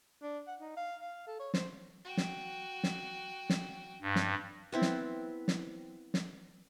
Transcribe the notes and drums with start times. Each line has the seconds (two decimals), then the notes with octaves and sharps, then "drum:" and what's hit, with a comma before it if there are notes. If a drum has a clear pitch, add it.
0.23 D4
0.47 F#5
0.60 D#4
0.77 F5
1.02 F5
1.27 A4
1.40 C#5
1.54 C5, drum: snare
2.05 F#4 G5
2.17 drum: snare
2.83 drum: snare
3.50 drum: snare
4.02 G2
4.16 drum: snare
4.72 B3 C4 E4
4.82 drum: snare
5.48 drum: snare
6.14 drum: snare